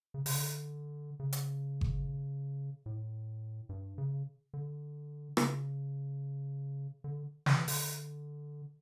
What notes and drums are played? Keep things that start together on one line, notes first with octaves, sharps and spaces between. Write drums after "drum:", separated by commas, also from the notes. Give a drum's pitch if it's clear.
C#3
C#3, drum: open hi-hat
D3
C#3
drum: hi-hat
drum: kick G1
A2
G2
C#3
D3
C#3, drum: rim click
D3
E3, drum: snare
D3, drum: open hi-hat